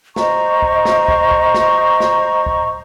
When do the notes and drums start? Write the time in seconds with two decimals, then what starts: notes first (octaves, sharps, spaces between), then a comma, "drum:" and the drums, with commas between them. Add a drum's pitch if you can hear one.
0.16 C5 D#5 A#5 C#6, drum: snare
0.62 drum: kick
0.85 drum: snare
1.08 drum: kick
1.31 drum: kick
1.54 drum: snare
2.00 drum: snare
2.46 drum: kick